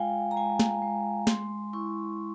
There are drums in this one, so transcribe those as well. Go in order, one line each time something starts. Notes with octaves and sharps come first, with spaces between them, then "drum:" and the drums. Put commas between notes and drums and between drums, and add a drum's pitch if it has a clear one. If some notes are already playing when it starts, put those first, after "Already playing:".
Already playing: G#3 F4 F5 G5 G#5
A#5
G#3 G#5
drum: snare
G#3
G#3 C6, drum: snare
E4 C#6